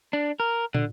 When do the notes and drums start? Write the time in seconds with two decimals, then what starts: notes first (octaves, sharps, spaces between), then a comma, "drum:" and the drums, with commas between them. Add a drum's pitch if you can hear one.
0.13 D4
0.40 A#4
0.75 D3, drum: tom